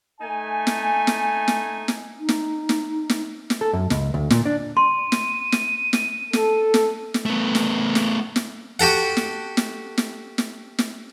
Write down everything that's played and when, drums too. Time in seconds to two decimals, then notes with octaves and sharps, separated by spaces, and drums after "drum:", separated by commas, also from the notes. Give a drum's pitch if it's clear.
0.20 A3 D#4 G#5
0.67 drum: snare
1.07 drum: snare
1.48 drum: snare
1.88 drum: snare
2.19 D#4
2.29 drum: snare
2.69 drum: snare
3.10 drum: snare
3.50 drum: snare
3.61 A4
3.73 F#2
3.90 C#2, drum: snare
4.14 D2
4.30 A#2, drum: snare
4.45 D4
4.77 C6 D#7
5.12 drum: snare
5.52 drum: snare
5.93 drum: snare
6.33 A4, drum: snare
6.74 drum: snare
7.14 drum: snare
7.26 A3 B3
7.55 drum: snare
7.95 drum: snare
8.36 drum: snare
8.80 F#4 G4 A4 F#5
9.17 drum: snare
9.57 drum: snare
9.98 drum: snare
10.38 drum: snare
10.79 drum: snare